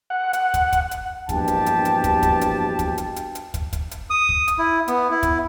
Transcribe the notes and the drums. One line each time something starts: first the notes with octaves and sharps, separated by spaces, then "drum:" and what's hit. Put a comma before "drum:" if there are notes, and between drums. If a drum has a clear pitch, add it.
F#5
F#5, drum: hi-hat
drum: kick, hi-hat
drum: kick, hi-hat
drum: hi-hat
A#1 E2 G2 B2 G4 A5, drum: kick, hi-hat
drum: hi-hat
drum: hi-hat
drum: hi-hat
drum: kick, hi-hat
drum: kick, hi-hat
drum: hi-hat
drum: kick, hi-hat
drum: hi-hat
drum: hi-hat
drum: hi-hat
drum: kick, hi-hat
drum: kick, hi-hat
drum: hi-hat
D#6
drum: kick
drum: hi-hat
E4
B3, drum: hi-hat
E4
drum: kick, hi-hat